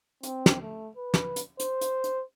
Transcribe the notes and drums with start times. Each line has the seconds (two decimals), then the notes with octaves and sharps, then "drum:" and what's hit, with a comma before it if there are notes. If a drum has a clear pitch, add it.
0.23 C4, drum: hi-hat
0.46 drum: snare
0.61 A3
0.96 B4
1.14 drum: snare
1.36 drum: hi-hat
1.60 C5, drum: hi-hat
1.81 drum: hi-hat
2.04 drum: hi-hat